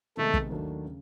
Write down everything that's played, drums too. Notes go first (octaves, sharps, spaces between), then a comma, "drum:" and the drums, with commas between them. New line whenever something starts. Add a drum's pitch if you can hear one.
C3 D#3 G#3 A3 B3 D#4
drum: kick
D#2 D#3 F#3 A3 D4
C#3